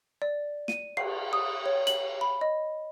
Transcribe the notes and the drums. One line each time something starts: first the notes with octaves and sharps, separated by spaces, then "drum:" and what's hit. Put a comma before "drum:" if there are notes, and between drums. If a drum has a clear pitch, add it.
D5
D#7, drum: snare
C7, drum: cymbal
D#6
C#5
F#7, drum: hi-hat
B5
D#5